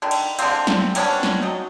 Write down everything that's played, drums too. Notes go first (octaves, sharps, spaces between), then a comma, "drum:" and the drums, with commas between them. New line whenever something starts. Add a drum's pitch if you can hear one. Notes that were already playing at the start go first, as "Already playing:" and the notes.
D3 D#3
drum: cymbal
D3 G#3 A#3 C4, drum: cymbal
drum: snare
C3 B3 C#4 D4, drum: cymbal
drum: snare
F#3 D#4